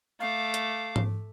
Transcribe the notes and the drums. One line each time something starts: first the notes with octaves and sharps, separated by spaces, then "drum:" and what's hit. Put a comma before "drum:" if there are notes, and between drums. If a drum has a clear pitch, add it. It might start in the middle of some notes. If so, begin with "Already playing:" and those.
A3 F5 D6
drum: hi-hat
drum: tom G#2